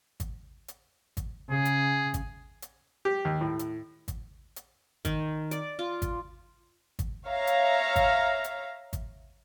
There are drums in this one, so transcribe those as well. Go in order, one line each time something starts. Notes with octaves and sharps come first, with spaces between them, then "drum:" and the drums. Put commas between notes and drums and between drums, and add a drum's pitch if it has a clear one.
drum: kick G#1, hi-hat
drum: hi-hat
drum: kick G#1, hi-hat
C#3 G#4
drum: hi-hat
drum: kick G#1, hi-hat
drum: hi-hat
G4
D#2
A2
drum: hi-hat
drum: kick G#1, hi-hat
drum: hi-hat
D#3, drum: kick G#1, hi-hat
D5, drum: hi-hat
F4
drum: kick G#1, hi-hat
drum: kick G#1, hi-hat
C#5 E5 F5 A#5
drum: hi-hat
drum: kick G#1, hi-hat
drum: hi-hat
drum: kick G#1, hi-hat